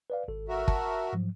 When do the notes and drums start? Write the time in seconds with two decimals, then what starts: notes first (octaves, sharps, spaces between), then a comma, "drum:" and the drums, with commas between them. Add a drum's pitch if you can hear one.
0.10 B4 D5 F5
0.28 G#1 A4
0.48 F#4 A#4 E5
0.68 A5, drum: kick
1.13 G#2 F3 F#3